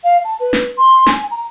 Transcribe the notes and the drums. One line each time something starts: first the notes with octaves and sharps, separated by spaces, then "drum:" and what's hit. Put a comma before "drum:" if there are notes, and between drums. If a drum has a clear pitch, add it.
F5
A5
B4
drum: snare
C6
G#5, drum: snare
A#5